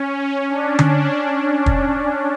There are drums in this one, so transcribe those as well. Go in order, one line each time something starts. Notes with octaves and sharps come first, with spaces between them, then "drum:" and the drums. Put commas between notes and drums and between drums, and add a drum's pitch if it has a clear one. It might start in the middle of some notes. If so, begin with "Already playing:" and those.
Already playing: C#4
D4
drum: tom D3
drum: kick